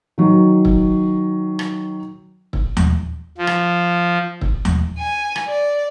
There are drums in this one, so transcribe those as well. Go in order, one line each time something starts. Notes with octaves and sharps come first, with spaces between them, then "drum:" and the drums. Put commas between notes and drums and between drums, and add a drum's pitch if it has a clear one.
D#3 F#3
drum: kick
drum: rim click
drum: kick
drum: tom D#2
F3
drum: rim click
drum: kick
drum: tom D#2
G#5
drum: rim click
D5